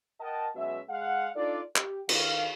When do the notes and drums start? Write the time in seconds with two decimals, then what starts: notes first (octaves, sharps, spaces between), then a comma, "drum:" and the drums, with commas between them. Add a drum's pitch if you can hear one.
0.20 A#4 D#5 F#5 G5 A5
0.55 B2 F#3 G#3 B3 C#4 E5
0.89 G#3 F5 F#5
1.36 D4 D#4 F4 A4 D5
1.76 G4, drum: clap
2.09 D#3 F5, drum: cymbal